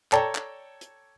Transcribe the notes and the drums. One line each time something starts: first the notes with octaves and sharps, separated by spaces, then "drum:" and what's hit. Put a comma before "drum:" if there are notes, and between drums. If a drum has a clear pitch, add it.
A4 C#5 D5 G5 A5 A#5, drum: clap
drum: clap
drum: hi-hat